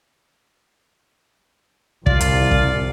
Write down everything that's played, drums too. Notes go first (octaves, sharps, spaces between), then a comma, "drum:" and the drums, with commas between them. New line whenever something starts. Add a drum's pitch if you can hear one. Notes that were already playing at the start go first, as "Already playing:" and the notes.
C2 F4 D5, drum: kick
drum: hi-hat
drum: kick